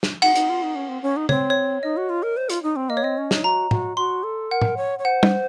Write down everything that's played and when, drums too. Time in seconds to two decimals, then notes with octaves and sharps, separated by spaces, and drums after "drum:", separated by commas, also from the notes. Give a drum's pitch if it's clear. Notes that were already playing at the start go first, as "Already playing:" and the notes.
0.03 drum: snare
0.22 D#4 F#5, drum: cymbal
0.35 D#4, drum: hi-hat
0.49 F4
0.63 D#4
0.76 C#4
0.89 C4
1.02 C#4
1.17 D#4
1.29 C4 C#5, drum: tom
1.50 C#5
1.83 D#4 D#5
1.97 F#4
2.10 F4
2.23 A#4
2.37 C5
2.50 F4, drum: hi-hat
2.63 D#4
2.76 C4
2.89 A#3 D#5
2.97 C#5
3.03 C4 D#5
3.17 C#4
3.31 D#4, drum: snare
3.44 F#4 A#5
3.71 F#4, drum: tom
3.97 F#4 C6
4.23 A4
4.51 A#4 F#5
4.61 drum: tom
4.77 C#5
4.99 C#5
5.05 C5 F#5
5.23 drum: tom